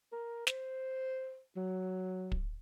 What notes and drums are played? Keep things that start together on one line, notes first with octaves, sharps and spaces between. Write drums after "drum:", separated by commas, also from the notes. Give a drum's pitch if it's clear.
A#4
C5, drum: snare
F#3
drum: kick